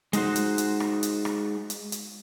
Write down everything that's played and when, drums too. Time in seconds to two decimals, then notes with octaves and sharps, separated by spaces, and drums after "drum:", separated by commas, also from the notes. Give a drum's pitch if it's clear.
0.13 G#3 D#4 F#4 C5, drum: hi-hat
0.36 drum: hi-hat
0.58 drum: hi-hat
0.80 drum: rim click
1.03 drum: hi-hat
1.25 drum: rim click
1.70 drum: hi-hat
1.92 drum: hi-hat